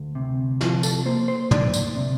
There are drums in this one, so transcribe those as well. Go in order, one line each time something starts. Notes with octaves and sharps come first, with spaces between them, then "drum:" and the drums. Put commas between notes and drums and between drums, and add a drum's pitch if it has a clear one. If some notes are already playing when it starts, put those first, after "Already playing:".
Already playing: D2
C3
F3 F4, drum: snare
A4, drum: tambourine
A#3 C5
C5
D2 D5, drum: tom
drum: tambourine
C3